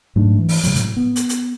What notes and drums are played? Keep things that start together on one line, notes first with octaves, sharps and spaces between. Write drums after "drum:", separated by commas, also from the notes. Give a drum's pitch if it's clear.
G#2 F#3 A3 D4
E3
drum: open hi-hat
C3 E3 F#3 G#3, drum: hi-hat
A2, drum: hi-hat
B3
drum: hi-hat
drum: hi-hat